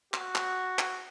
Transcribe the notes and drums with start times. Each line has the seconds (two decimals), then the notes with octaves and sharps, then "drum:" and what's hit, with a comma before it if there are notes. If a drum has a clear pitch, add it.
0.14 F#4, drum: clap
0.35 drum: clap
0.79 drum: clap